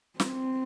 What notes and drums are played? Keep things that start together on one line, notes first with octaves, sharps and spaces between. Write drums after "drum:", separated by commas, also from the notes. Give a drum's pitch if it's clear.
C4, drum: snare